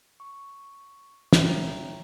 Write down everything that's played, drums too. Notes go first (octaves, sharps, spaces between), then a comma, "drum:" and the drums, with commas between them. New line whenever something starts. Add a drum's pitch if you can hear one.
C#6
C#5 D5 E5 G5 A#5, drum: snare